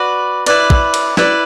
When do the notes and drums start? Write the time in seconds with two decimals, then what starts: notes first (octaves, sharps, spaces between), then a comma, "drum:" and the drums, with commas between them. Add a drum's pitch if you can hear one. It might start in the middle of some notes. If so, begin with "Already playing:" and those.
Already playing: F#4 B4 D5
0.46 E4 B4 D5, drum: cymbal
0.70 drum: kick
0.94 drum: cymbal
1.17 E4 B4 D5, drum: snare